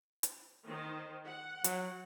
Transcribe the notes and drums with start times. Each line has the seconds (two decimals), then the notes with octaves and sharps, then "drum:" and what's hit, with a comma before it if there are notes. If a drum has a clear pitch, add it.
0.23 drum: hi-hat
0.65 D#3 C5
1.25 F#5
1.64 F#3, drum: hi-hat